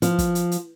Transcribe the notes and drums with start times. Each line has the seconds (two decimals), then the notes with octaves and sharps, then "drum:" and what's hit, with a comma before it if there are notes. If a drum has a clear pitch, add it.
0.02 F3, drum: hi-hat
0.19 drum: kick, hi-hat
0.35 drum: hi-hat
0.52 drum: hi-hat